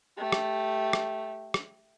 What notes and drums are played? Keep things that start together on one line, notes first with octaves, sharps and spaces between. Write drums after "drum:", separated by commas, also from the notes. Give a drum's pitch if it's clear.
A3 G4
drum: rim click
drum: rim click
drum: rim click